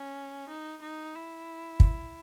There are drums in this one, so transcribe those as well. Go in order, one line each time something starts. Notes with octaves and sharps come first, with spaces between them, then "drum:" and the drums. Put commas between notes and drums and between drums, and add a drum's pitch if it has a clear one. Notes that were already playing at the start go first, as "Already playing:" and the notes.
Already playing: C#4
D#4
D#4
E4
drum: kick